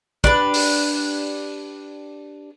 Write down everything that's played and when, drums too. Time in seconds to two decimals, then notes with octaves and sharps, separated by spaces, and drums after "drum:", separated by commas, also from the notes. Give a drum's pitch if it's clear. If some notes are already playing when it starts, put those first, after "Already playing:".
0.24 D4 G4 B4, drum: kick
0.54 drum: open hi-hat